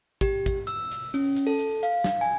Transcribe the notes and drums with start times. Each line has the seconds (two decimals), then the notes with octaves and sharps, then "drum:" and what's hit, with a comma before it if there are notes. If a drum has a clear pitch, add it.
0.21 G4, drum: kick, hi-hat
0.46 drum: kick, hi-hat
0.67 E6, drum: hi-hat
0.91 drum: hi-hat
1.14 C#4, drum: hi-hat
1.37 drum: hi-hat
1.47 A4
1.59 drum: hi-hat
1.83 F5, drum: hi-hat
2.04 drum: snare
2.21 G#5